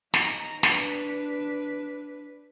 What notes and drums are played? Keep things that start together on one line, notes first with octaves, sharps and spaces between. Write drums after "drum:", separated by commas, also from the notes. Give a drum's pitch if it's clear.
D#4 A#5, drum: snare
D4 B4, drum: snare